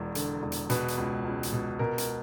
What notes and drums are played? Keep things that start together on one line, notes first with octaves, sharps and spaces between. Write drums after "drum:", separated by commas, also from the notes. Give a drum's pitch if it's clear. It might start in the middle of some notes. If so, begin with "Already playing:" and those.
Already playing: E1 E2 D5
D3, drum: hi-hat
E1
drum: hi-hat
B2 B4, drum: hi-hat
drum: hi-hat
C#2
C#2
drum: hi-hat
B2
B2 A#4
A#4, drum: hi-hat